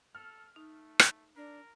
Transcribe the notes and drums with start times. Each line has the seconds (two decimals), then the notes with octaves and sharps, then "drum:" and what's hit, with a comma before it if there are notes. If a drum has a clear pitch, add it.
0.15 A4 F6
0.56 A3 D#4
0.99 drum: rim click
1.36 D4 A#4